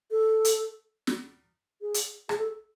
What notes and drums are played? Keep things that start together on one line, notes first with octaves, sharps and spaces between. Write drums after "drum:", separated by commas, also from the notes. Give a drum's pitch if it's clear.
A4
drum: hi-hat
drum: snare
G#4
drum: hi-hat
G#4, drum: rim click
A4